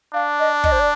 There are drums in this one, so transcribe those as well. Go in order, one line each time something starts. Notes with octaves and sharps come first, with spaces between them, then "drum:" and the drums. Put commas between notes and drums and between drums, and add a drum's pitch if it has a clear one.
D4 F5
D#5
D#5, drum: kick
C5
D5